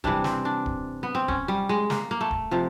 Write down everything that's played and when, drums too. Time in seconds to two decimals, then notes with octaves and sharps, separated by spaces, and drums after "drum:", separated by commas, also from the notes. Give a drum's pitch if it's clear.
0.04 C3 E3 G3 D4, drum: kick
0.24 C4, drum: snare
0.45 D4
0.66 drum: kick
1.03 B3
1.15 C4
1.28 C#4, drum: kick
1.48 G3
1.69 G#3
1.90 A#3, drum: snare
2.11 A#3
2.21 A3
2.31 drum: kick
2.51 C3 F3